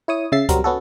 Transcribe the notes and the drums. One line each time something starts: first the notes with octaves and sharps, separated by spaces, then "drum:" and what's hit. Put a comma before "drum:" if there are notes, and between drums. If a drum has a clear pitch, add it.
E4 C#5 D#6
C#3 E5 A6 C7
F#3 G3 C4 F#4 A#4, drum: kick C#2, hi-hat
B3 C#4 F#4 A4